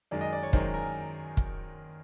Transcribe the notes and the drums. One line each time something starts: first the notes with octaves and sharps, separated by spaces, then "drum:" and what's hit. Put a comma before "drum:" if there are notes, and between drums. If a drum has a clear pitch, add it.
F#2 D#3 G#3 D5
D#5
D5
C#5
F#2 D#3 G#3 C5, drum: kick
A#4
drum: kick